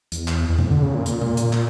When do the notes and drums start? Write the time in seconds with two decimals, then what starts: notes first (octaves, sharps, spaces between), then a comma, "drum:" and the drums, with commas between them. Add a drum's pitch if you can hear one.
0.12 E2, drum: hi-hat
0.28 drum: clap
0.49 E2
0.58 F2, drum: tom B2
0.71 D3
0.82 C#3
0.94 A#2
1.06 drum: hi-hat
1.22 drum: tom B2
1.37 drum: hi-hat
1.53 drum: clap